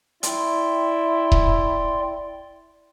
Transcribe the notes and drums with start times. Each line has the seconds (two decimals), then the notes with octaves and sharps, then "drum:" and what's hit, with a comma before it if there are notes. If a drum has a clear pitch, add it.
0.23 E4 D5 G5 C6, drum: hi-hat
1.32 drum: kick D#1